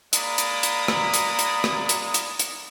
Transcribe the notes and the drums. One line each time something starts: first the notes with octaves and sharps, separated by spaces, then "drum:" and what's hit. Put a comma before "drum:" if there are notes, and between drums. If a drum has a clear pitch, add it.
G#3 A#3 D5 A#5 B5 D#6, drum: hi-hat
drum: hi-hat
drum: hi-hat
drum: rim click
drum: hi-hat
drum: hi-hat
drum: rim click
drum: hi-hat
drum: hi-hat
drum: hi-hat